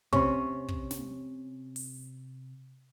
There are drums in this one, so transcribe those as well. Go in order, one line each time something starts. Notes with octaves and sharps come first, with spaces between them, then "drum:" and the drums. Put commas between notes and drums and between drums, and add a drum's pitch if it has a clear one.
C3 C#4 C6 C#6, drum: kick
drum: kick
drum: snare
drum: open hi-hat